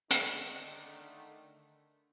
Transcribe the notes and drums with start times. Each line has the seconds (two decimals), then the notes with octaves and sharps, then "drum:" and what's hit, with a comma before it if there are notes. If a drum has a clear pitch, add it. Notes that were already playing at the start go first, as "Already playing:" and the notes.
0.10 D3 D#3 A3, drum: hi-hat